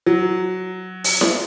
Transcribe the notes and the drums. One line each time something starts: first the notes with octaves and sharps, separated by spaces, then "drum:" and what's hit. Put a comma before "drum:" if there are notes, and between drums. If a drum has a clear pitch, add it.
F#3
drum: open hi-hat
drum: snare E4